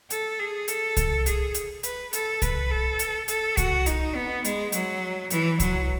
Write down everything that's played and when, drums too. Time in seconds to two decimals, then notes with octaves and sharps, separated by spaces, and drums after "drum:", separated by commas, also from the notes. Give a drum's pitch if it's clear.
0.10 A4, drum: hi-hat
0.39 G#4
0.68 A4, drum: hi-hat
0.97 drum: kick C2, hi-hat
1.26 G#4, drum: hi-hat
1.55 drum: hi-hat
1.83 B4, drum: hi-hat
2.13 A4, drum: hi-hat
2.42 B4, drum: kick C2, hi-hat
2.71 A4
2.99 drum: hi-hat
3.28 A4, drum: hi-hat
3.57 F#4, drum: kick C2, hi-hat
3.86 D#4, drum: hi-hat
4.15 B3
4.45 G#3, drum: hi-hat
4.72 F#3, drum: hi-hat
5.30 E3, drum: hi-hat
5.60 F#3, drum: kick C2, hi-hat